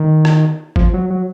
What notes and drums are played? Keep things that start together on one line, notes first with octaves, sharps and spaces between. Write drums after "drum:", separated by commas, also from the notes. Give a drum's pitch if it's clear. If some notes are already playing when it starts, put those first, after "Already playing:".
Already playing: D#3
drum: rim click
F3, drum: kick
F#3
F#3